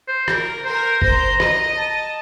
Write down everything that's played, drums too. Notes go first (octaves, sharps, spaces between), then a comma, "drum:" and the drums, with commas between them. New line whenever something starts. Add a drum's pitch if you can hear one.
C5
A#4, drum: rim click
A#4 C5
C5 A#5, drum: kick
D#5, drum: rim click
A5